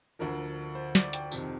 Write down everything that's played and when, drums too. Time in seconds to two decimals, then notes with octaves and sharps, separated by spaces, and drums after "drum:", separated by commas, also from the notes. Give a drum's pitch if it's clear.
0.19 D2 D3 F3 A#4
0.75 C5
0.95 D5, drum: snare
1.13 G5, drum: hi-hat
1.32 F2 C3 D#3, drum: tambourine